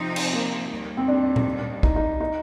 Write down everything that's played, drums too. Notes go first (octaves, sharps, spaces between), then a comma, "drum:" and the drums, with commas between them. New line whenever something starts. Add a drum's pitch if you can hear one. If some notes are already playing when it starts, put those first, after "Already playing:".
Already playing: C3 F3 C4 D#4
drum: cymbal
A#3
D#2 D#3 G3
C4
D4
drum: tom A#2
D#4, drum: kick
D#4
D#4